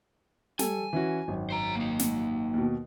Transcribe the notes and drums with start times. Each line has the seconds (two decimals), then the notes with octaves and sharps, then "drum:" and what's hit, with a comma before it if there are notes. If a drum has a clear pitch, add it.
0.59 G3 A4 G#5, drum: snare
0.93 E3 C#4 F#4
1.28 G#1 F#2
1.50 C5 A#5
1.76 A#3 D#4
1.99 drum: snare
2.54 D#2 B2